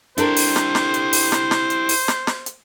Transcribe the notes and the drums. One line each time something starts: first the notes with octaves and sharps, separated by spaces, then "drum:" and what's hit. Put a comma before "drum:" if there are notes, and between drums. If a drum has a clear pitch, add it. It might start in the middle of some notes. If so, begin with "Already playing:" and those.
D4 E4 G4 A4 A#4 C5, drum: hi-hat
drum: open hi-hat
drum: snare
drum: snare
drum: hi-hat
drum: open hi-hat
drum: snare
drum: snare
drum: hi-hat
drum: open hi-hat
drum: snare
drum: snare
drum: hi-hat